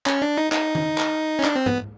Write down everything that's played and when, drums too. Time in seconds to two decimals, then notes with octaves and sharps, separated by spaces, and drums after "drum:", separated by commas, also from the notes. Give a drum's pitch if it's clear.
0.06 C#4, drum: clap
0.22 D4
0.38 D#4
0.52 D#4, drum: clap
0.75 drum: tom D#3
0.98 drum: clap
1.39 C#4
1.43 D4, drum: clap
1.56 C4
1.66 B3, drum: tom G#2